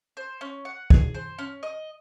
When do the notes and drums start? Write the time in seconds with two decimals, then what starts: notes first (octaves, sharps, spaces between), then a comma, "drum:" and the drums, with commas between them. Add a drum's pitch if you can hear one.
0.17 C5
0.41 C#4
0.65 F#5
0.90 G#4, drum: kick
1.15 C5
1.39 C#4
1.63 D#5